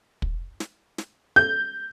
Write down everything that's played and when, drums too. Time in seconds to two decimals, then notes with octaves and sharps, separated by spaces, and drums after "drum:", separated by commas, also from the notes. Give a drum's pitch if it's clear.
0.22 drum: kick
0.60 drum: snare
0.98 drum: snare
1.36 G6